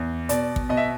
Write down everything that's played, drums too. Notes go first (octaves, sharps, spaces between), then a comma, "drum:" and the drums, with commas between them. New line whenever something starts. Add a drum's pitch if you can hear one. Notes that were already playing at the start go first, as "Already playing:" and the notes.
Already playing: E2
B2 D5, drum: hi-hat
drum: kick
B2 D#5
E5